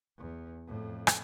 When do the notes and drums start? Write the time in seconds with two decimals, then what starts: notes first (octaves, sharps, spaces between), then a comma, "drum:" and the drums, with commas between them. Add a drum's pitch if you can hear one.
0.18 E2
0.67 F2 A2
1.07 drum: rim click